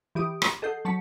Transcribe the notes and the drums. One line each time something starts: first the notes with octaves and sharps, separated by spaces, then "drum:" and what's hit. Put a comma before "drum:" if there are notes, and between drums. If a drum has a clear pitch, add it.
E3 G4 D#6 D7
drum: rim click
G#4 A4 D#5 F#5 G6 C7
F#3 A5 B6 C#7